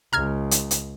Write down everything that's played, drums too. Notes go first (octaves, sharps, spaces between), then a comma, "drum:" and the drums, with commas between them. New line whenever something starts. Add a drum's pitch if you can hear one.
C#2 A#5 F6 G#6
drum: hi-hat
drum: hi-hat